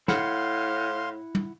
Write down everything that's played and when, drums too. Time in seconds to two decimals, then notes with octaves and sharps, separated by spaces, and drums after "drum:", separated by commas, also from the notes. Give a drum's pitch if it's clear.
0.08 A2 E4 F5 F#5 C6, drum: snare
1.35 drum: tom